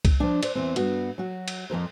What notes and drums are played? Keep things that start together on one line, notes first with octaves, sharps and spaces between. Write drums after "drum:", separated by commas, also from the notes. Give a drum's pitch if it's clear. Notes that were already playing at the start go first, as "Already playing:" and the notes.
drum: kick C2, cymbal
F3 D4
C5 D5, drum: cymbal
E2 C4
G2 B3 F#4, drum: cymbal
F#3 F#4
drum: cymbal
F2 F3 A#4 C5